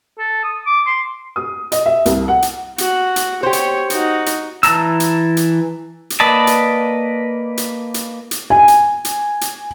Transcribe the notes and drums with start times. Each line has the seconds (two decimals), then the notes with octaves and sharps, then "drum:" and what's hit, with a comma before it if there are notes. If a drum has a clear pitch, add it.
0.18 A4
0.43 D#6
0.66 D6
0.87 C6
1.36 D#6
1.72 D#5, drum: hi-hat
1.86 E5
2.06 C2, drum: hi-hat
2.28 F#5
2.42 drum: hi-hat
2.78 F#4, drum: hi-hat
3.16 drum: hi-hat
3.43 G4 C5 C#5 C#6
3.53 drum: hi-hat
3.90 D#4 F#4, drum: hi-hat
4.26 drum: hi-hat
4.63 E3 A5 A#5 E6, drum: hi-hat
5.00 drum: hi-hat
5.37 drum: hi-hat
6.10 drum: hi-hat
6.20 A#3 B4 D5 D#5 A5
6.47 drum: hi-hat
7.57 drum: hi-hat
7.94 drum: hi-hat
8.31 drum: hi-hat
8.50 G#5
8.68 drum: hi-hat
9.05 drum: hi-hat
9.41 drum: hi-hat